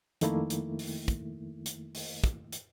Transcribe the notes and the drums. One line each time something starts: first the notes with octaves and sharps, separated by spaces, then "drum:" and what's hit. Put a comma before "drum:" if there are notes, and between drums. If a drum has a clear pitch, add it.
F2 D#3 A3 A#3 E4, drum: hi-hat
drum: hi-hat
drum: open hi-hat
drum: kick, hi-hat
drum: hi-hat
drum: open hi-hat
drum: kick, hi-hat
drum: hi-hat